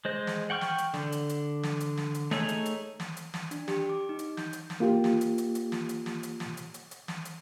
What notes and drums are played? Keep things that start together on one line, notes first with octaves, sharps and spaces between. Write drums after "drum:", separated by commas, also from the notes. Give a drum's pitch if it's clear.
G#3 C5 D#5
drum: snare
F#5 G5 C#6 F6
drum: snare
drum: hi-hat
D3, drum: snare
drum: hi-hat
drum: hi-hat
drum: snare
drum: hi-hat
drum: snare
drum: hi-hat
A3 D#4 G#4 C#5 E6, drum: snare
drum: hi-hat
drum: hi-hat
drum: snare
drum: hi-hat
drum: snare
D4, drum: hi-hat
G4, drum: snare
D6
D#4
drum: hi-hat
G6, drum: snare
drum: hi-hat
drum: snare
A#3 F4 G4
drum: snare
drum: hi-hat
drum: hi-hat
drum: hi-hat
drum: snare
drum: hi-hat
drum: snare
drum: hi-hat
drum: snare
drum: hi-hat
drum: hi-hat
drum: hi-hat
drum: snare
drum: hi-hat